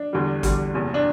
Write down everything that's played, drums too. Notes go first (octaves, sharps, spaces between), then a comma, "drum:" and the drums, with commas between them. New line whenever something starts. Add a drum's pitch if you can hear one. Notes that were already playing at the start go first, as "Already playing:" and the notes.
Already playing: D4
E2 D3 G3
E2 D3 G3, drum: kick, hi-hat
F#1 E2 C3
D4